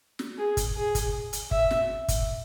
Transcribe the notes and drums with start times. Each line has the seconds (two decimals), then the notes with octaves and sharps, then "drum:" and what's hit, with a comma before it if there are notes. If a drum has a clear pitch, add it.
0.19 drum: snare
0.38 G#4
0.57 drum: kick, hi-hat
0.76 G#4
0.95 drum: kick, hi-hat
1.33 drum: hi-hat
1.51 E5, drum: kick
1.71 drum: snare
2.08 drum: kick, hi-hat